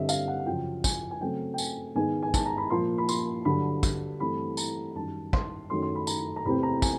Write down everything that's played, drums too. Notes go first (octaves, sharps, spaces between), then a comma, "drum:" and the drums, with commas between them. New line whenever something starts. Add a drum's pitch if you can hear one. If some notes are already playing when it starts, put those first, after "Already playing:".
Already playing: G2 D3 G3 C4 D#5 E5
F5, drum: tambourine
F#5
F#5
F#2 C#3 F3 G5
G#5, drum: kick, tambourine
G#5
C#3 F#3 A3 C4 G5
G5
G#5, drum: tambourine
G#2 D#3 G#3 B3 G#5
G#5
A5, drum: kick, tambourine
A#5
B5
A#2 F3 A#3 C6
B5
C6, drum: tambourine
G2 D3 F#3 B5
drum: kick, tambourine
G2 E3 A3 C4 B5
A#5, drum: tambourine
F#2 D#3 G3 A5
C6, drum: kick
F#2 D#3 F#3 A3 C6
C6
B5
A#5, drum: tambourine
A#5
E2 C3 E3 A3 C4 B5
A#5
G#5, drum: kick, tambourine